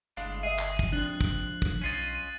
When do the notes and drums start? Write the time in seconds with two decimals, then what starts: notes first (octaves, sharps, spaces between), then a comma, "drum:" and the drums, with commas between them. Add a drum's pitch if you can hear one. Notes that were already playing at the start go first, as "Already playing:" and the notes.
0.17 G1 A2 G#3 D4 F5 C7
0.43 G#4 D#5 E5 C7
0.59 drum: clap
0.79 drum: kick
0.92 C3 F3 G#3 D4 F#6 F#7
1.21 drum: kick
1.62 drum: kick
1.81 B1 C#4 F4 D#5 A6 C7 D#7